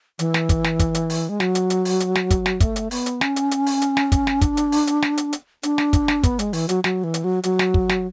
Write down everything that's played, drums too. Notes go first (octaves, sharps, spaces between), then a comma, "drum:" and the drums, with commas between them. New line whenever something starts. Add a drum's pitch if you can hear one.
E3, drum: hi-hat
drum: snare
drum: kick, hi-hat
drum: snare
drum: kick, hi-hat
drum: hi-hat
drum: open hi-hat
G#3
F#3, drum: snare
drum: hi-hat
drum: hi-hat
drum: open hi-hat
drum: hi-hat
drum: snare
drum: kick, hi-hat
drum: snare
A3, drum: kick, hi-hat
drum: hi-hat
B3, drum: open hi-hat
drum: hi-hat
C#4, drum: snare
drum: hi-hat
drum: hi-hat
drum: open hi-hat
drum: hi-hat
drum: snare
drum: kick, hi-hat
drum: snare
D4, drum: kick, hi-hat
drum: hi-hat
drum: open hi-hat
drum: hi-hat
drum: snare
drum: hi-hat
drum: hi-hat
D4, drum: hi-hat
drum: snare
drum: kick, hi-hat
drum: snare
B3, drum: kick, hi-hat
G#3, drum: hi-hat
E3, drum: open hi-hat
F#3, drum: hi-hat
F#3, drum: snare
E3
drum: hi-hat
F#3
F#3, drum: hi-hat
drum: snare
drum: kick
drum: snare